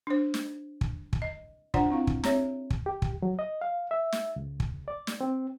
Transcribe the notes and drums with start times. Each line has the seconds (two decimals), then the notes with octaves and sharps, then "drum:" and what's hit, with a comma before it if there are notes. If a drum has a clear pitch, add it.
0.07 D4 C5
0.34 drum: snare
0.81 drum: kick
1.13 drum: kick
1.22 D#5
1.74 D4 F4 C5 D5 F#5 A#5, drum: kick
1.90 C4 E4 F5
2.07 drum: kick
2.24 C4 G4 C#5 E5, drum: snare
2.70 drum: kick
2.86 G4
3.02 drum: kick
3.22 F#3
3.39 D#5
3.61 F5
3.91 E5
4.12 drum: snare
4.36 C#2
4.60 drum: kick
4.88 D5
5.07 drum: snare
5.21 C4